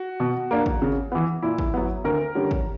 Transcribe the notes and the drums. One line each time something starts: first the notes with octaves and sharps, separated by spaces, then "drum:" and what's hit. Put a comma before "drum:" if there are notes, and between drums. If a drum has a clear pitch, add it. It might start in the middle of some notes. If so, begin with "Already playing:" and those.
Already playing: F#4
B2
A#3 D4
drum: kick
C#3
E3 B3
A#2 E4
drum: kick
F#3 B3
D2 A#4
D3 G3 C#4
drum: kick